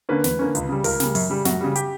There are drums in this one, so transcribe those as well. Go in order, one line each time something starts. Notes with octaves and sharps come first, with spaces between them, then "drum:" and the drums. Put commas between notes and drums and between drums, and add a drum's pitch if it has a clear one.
D3 A#3 C#4 B4
E2 B4, drum: snare
D3 A#3 C#4
C#2, drum: hi-hat
C#3 G3
C#2 A#4, drum: open hi-hat
C#3 G3, drum: snare
F#2, drum: open hi-hat
C#3 G3
F#2 F#4, drum: snare
C#3 G3
G4, drum: hi-hat